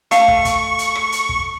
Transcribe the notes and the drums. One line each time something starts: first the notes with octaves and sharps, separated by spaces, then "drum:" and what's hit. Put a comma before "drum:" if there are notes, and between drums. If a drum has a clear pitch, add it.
A3 F5 C#6, drum: hi-hat
drum: kick
drum: kick, hi-hat
drum: hi-hat
drum: rim click
drum: hi-hat
drum: kick